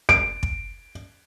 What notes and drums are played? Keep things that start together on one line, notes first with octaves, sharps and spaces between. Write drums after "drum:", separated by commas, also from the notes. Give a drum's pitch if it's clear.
D7, drum: kick
drum: kick